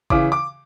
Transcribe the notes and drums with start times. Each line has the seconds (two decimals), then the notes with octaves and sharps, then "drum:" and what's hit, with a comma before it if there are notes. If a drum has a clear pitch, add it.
0.10 C#3 E3 D6, drum: kick G1
0.32 D6